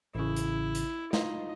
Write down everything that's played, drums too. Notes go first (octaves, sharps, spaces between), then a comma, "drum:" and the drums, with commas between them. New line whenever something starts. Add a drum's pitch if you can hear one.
A1 C#3 E4
drum: hi-hat
drum: hi-hat
D#4 F4 D#5, drum: snare